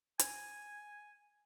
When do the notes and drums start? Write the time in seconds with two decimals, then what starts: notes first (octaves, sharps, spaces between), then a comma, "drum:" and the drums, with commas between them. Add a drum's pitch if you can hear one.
0.19 G#5, drum: hi-hat